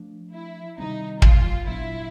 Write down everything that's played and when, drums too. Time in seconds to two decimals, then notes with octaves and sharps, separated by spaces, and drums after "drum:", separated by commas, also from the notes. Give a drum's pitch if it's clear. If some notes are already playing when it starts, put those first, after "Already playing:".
Already playing: F3 A3 D4
0.34 E4
0.78 C3 D#3 G3 C4 D#4
1.22 F4, drum: kick
1.66 A#2 F#3 B3 D4 E4